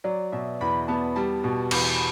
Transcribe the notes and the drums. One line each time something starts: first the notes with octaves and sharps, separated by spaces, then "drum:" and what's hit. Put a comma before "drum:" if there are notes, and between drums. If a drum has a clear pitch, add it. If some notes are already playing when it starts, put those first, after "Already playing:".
F#3 D5
B2 E5
E2 B5
B3 A5
G3 A5
B2
E2 B5, drum: cymbal